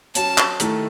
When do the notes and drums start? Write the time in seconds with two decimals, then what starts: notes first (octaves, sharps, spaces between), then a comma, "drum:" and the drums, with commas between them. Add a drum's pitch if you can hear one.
0.15 F#3 C#4 F#4 A5, drum: hi-hat
0.38 drum: clap
0.60 D#3 A3 E4 A4, drum: hi-hat